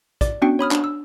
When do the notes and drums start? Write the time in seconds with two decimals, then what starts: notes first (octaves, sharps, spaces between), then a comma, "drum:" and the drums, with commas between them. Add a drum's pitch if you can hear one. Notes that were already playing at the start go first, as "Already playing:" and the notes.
0.21 D5, drum: kick, hi-hat
0.42 B3 C#4 D4 F#4 F#5 G5
0.59 C#5 B5 D#6 F6
0.71 D4, drum: clap
0.84 E6